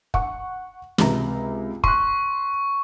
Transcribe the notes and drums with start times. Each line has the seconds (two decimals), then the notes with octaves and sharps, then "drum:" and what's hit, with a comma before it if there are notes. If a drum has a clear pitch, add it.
0.14 F#5 C#6, drum: kick
0.98 C#2 C3 A#5, drum: snare
1.84 C6 C#6 F#6, drum: kick